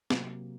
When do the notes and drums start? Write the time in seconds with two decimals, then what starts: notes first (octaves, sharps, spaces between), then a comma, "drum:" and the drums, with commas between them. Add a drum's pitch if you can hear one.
0.10 C3 F#3 A#3, drum: snare